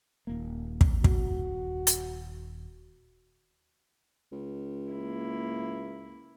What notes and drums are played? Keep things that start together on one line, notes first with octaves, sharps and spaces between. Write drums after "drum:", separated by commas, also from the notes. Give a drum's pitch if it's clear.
D#1 A#3
drum: kick
F#4, drum: kick
drum: hi-hat
C#2
A#3 E4